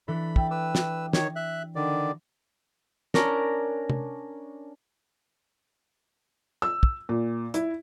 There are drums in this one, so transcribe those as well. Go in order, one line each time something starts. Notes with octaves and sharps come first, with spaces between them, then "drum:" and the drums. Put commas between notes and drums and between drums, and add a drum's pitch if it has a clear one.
E3 D4 A4 B5
E5 G5 A5, drum: kick
B4 D6 E6
drum: snare
D#3 C#5, drum: snare
E5 F#6
D3 D#3 D5
C#4 D4 A#4, drum: snare
drum: tom
E6
drum: kick
A#2
E4, drum: hi-hat